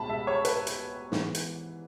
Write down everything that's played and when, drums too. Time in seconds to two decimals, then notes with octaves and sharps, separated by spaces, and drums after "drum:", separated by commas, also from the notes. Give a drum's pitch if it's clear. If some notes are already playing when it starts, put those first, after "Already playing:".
Already playing: C#2 B2 G#3 A5 B5
0.09 E5
0.27 C#5
0.45 B4, drum: hi-hat
0.67 drum: hi-hat
1.12 G#2 E3 B3, drum: snare
1.35 drum: hi-hat